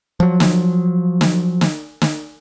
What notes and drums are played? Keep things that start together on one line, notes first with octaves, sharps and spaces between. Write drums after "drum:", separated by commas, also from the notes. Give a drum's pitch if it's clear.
F3 F#3
drum: snare
drum: snare
drum: snare
drum: snare